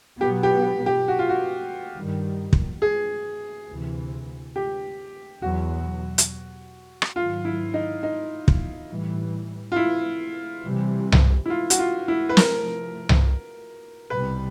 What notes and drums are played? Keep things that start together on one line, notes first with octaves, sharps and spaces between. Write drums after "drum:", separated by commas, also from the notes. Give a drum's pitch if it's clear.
B2 F#3 B3 G4
G4
G4
F#4
F4
F#4
G2 D#3 G3
drum: kick
G#4
D2 C3 E3
G4
E2 B2 F#3 F#4
drum: hi-hat
drum: rim click
G#2 D#3 F#3 F4
E4
D#4
D#4
drum: kick
A2 E3 G3
F4
E4
C3 E3 G3
drum: tom C2
E4
F4
F#4, drum: hi-hat
F4
E4
B4
C3 F3 A3 A#4, drum: snare
drum: tom C2
C2 B2 G3 B4